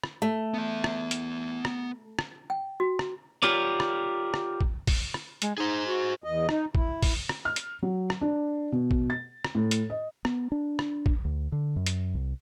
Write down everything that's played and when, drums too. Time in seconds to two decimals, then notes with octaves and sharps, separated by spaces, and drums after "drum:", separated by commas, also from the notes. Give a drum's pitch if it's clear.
0.04 drum: rim click
0.22 A3
0.54 B3 E5
0.84 drum: rim click
1.11 drum: hi-hat
1.65 drum: rim click
2.19 drum: rim click
2.50 G5
2.80 F#4
2.99 drum: rim click
3.43 F4 G4 A#4 C#5 D5
3.80 drum: rim click
4.34 drum: rim click
4.61 drum: kick
4.87 drum: kick, open hi-hat
5.14 drum: rim click
5.42 G#3, drum: hi-hat
5.58 D#4 G#4 C5
5.87 F#4
6.24 E2 D#5
6.49 D#4, drum: rim click
6.75 E4, drum: kick
7.03 drum: kick, open hi-hat
7.29 drum: rim click
7.45 F6
7.56 drum: hi-hat
7.82 F#3
8.10 drum: rim click
8.21 D4
8.72 B2
8.91 drum: kick
9.10 A6
9.44 drum: rim click
9.55 A2
9.71 drum: hi-hat
9.90 D#5
10.25 B3, drum: rim click
10.52 D4
10.79 drum: rim click
11.06 drum: kick
11.25 D2
11.52 D3
11.76 F#2
11.86 drum: hi-hat
12.14 C2